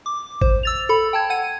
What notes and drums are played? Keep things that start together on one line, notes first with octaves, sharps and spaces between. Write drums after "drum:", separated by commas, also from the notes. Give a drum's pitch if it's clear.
D6
C5, drum: kick G#1
E6 A6 F7
A4 B5
G5 A5 G#6
F#5 G#6 D#7